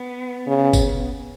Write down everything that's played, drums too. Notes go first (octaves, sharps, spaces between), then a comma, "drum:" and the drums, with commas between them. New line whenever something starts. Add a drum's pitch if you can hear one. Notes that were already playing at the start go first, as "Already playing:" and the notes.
Already playing: B3
C#3
drum: kick G1, tambourine